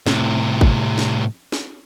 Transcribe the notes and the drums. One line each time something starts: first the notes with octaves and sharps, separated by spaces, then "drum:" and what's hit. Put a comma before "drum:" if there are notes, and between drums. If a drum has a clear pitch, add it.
A2 C3, drum: snare
drum: kick G#1
drum: snare
drum: snare